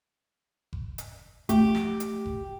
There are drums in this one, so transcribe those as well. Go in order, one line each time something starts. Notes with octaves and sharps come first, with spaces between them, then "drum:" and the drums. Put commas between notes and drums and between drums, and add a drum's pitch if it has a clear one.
drum: kick F#1
drum: hi-hat
A3 G4, drum: kick F#1, hi-hat
drum: snare
drum: hi-hat
drum: kick F#1